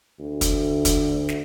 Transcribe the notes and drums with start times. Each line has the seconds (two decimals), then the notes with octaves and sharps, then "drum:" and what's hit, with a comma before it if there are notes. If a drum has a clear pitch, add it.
0.19 D2
0.41 drum: kick, hi-hat
0.85 drum: kick, hi-hat
1.29 drum: snare